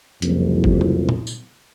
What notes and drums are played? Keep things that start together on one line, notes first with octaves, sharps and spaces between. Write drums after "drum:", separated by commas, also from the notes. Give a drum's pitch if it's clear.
F#1 C2 F2, drum: hi-hat
drum: kick
drum: tom
drum: tom A#2
drum: tambourine